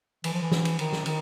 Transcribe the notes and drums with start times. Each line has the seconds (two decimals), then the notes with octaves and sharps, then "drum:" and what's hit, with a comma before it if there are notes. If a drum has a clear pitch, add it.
0.24 E3, drum: cymbal
0.33 F3
0.42 E3
0.52 drum: snare
0.65 drum: cymbal
0.79 D#3, drum: cymbal
0.93 drum: snare
1.06 D#3, drum: cymbal